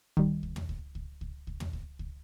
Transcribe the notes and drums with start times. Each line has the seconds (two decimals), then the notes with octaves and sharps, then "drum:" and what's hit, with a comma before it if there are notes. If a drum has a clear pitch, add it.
0.17 D#3 G3, drum: kick C#2
0.43 drum: kick C#2
0.56 drum: tom
0.69 drum: kick C#2
0.95 drum: kick C#2
1.21 drum: kick C#2
1.47 drum: kick C#2
1.60 drum: tom
1.73 drum: kick C#2
1.99 drum: kick C#2